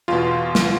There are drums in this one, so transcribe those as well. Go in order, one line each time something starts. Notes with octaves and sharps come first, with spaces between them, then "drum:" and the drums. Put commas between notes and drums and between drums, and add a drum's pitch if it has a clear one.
E2 B2 F4
drum: snare